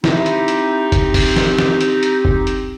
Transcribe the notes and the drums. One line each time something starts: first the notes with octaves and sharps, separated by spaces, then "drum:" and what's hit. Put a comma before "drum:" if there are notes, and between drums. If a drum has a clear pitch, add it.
C4 D#4 E4 G4, drum: snare
drum: hi-hat
drum: hi-hat
drum: kick, hi-hat
drum: kick, open hi-hat
drum: snare
drum: snare
drum: hi-hat
drum: hi-hat
drum: kick
drum: hi-hat